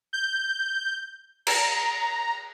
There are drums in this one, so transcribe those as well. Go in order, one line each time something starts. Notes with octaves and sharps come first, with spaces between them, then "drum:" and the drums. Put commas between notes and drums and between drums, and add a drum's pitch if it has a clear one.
G6
A#5, drum: cymbal